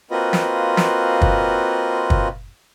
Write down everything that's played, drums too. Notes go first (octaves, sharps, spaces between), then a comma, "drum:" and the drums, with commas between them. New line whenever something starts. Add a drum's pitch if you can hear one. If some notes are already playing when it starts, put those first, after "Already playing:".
A#3 C4 F4 F#4 B4 D#5
drum: snare
drum: snare
drum: kick
drum: kick